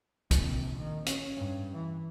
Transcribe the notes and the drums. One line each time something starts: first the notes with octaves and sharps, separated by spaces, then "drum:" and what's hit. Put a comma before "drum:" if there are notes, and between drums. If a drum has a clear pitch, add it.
A#1 C3, drum: kick C2, hi-hat
D#3
C#4, drum: hi-hat
G2
E3